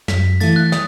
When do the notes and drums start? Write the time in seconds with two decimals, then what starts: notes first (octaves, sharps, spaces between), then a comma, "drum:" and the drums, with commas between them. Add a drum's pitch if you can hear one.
0.08 F#2 B6, drum: snare
0.40 E3 A3 A6, drum: cymbal
0.56 F#6
0.72 D#6, drum: snare